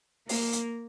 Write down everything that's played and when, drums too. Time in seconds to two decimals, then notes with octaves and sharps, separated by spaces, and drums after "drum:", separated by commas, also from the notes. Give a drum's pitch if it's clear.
0.29 A#3, drum: open hi-hat
0.52 drum: hi-hat